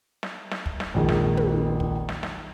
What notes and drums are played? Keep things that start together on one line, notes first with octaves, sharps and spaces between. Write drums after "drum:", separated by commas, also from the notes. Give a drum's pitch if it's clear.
drum: snare
drum: snare
drum: kick
drum: snare
A#1 F2 D#3 G#3
drum: snare
drum: tom
drum: kick
drum: snare
drum: snare